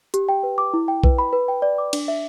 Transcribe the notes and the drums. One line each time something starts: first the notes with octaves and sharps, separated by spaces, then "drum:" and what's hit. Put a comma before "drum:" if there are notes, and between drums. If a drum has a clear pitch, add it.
G4, drum: hi-hat
G5
B4
D6
E4
G5
B4, drum: kick
B5
B4
G5
D5
D6
D4, drum: cymbal
E5